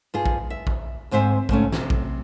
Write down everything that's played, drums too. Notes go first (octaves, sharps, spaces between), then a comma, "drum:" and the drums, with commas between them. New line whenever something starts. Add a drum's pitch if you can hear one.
G2 F4 G#4
drum: kick A#1
E5
drum: kick A#1
D2 G#2 C4 C5 E5 G#5
G#2 C#3 A3 C#4, drum: kick A#1
C3, drum: snare
drum: kick A#1